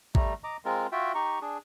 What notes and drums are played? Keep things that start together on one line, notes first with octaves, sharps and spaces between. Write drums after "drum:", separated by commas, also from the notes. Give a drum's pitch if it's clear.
G3 A3 A#5, drum: kick
D#5 A#5 D6
G#3 C4 F4 A#4
F4 F#4 E5 G5
D#4 G4 A#5 C#6
D4 G#4